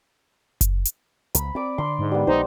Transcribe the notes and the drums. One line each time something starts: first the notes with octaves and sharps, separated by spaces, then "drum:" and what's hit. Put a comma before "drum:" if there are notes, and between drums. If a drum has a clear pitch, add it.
drum: kick F#1, hi-hat
drum: hi-hat
C#2 B5, drum: hi-hat
C4 D5 D6
D3 C6
G#2
G3 B3
A#1 G#3 D#4 C5